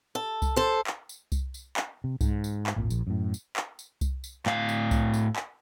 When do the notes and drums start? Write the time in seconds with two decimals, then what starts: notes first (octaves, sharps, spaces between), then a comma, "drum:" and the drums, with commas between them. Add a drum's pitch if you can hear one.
0.15 A4
0.42 drum: kick C2, tambourine
0.56 A4 C5
0.87 drum: clap
1.09 drum: tambourine
1.32 drum: kick C2, tambourine
1.54 drum: tambourine
1.77 drum: clap
2.04 C3
2.21 G#2, drum: kick C2, tambourine
2.44 drum: tambourine
2.67 drum: clap
2.76 G#1 D#2 A#2
2.90 A#1, drum: tambourine
3.07 F#2 A2
3.34 drum: tambourine
3.56 drum: clap
3.79 drum: tambourine
4.01 drum: kick C2, tambourine
4.24 drum: tambourine
4.46 A2 F5, drum: clap
4.69 drum: tambourine
4.91 drum: kick C2, tambourine
5.14 drum: tambourine
5.36 drum: clap